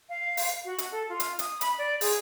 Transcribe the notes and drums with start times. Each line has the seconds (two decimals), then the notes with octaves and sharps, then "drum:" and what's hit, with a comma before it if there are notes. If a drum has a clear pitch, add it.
0.09 F5
0.37 drum: open hi-hat
0.65 F#4
0.78 drum: hi-hat
0.92 A4
1.09 F4
1.20 drum: hi-hat
1.39 D#6, drum: hi-hat
1.61 B5, drum: hi-hat
1.78 D5
2.01 G#4, drum: open hi-hat